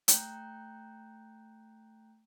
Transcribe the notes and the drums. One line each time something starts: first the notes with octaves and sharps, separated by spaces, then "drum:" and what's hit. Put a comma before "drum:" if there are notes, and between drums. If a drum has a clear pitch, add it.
A3 G5 A#5 F#6 G6, drum: hi-hat